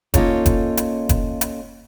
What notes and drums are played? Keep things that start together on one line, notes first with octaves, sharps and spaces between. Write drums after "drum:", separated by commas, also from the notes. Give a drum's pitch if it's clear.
A#3 C#4 D#4 F4 A4 C#5, drum: kick F1, hi-hat
drum: kick F1, hi-hat
drum: hi-hat
drum: kick F1, hi-hat
drum: hi-hat